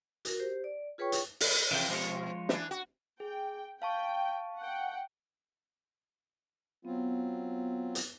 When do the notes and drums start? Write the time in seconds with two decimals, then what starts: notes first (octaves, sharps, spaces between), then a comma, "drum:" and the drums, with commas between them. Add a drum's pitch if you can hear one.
0.25 F#4 A#4, drum: hi-hat
0.40 G4 C5
0.64 D5
0.98 F4 G#4 B4 C#5 G5 C#6
1.12 drum: hi-hat
1.40 drum: open hi-hat
1.71 C3 E3 F3 G5
1.89 B2 F3 G#3 C#5
2.49 E3 D4, drum: snare
2.71 F#4
3.20 G#4 G5
3.82 F5 G5 A5 C#6
4.59 F#5 G5
6.85 F#3 B3 C4 F4
7.95 drum: hi-hat